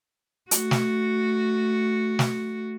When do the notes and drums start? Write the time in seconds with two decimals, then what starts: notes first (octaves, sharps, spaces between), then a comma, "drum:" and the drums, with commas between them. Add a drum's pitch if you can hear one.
0.51 A3 F#4, drum: hi-hat
0.71 drum: snare
2.19 drum: snare